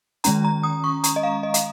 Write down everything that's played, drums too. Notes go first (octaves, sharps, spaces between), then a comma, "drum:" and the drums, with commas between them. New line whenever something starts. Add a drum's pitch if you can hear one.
D#3 G#3 C#4 A#5, drum: hi-hat
A#5
D#6
C#6
A#5, drum: hi-hat
D#5
F5
D#5
F5, drum: hi-hat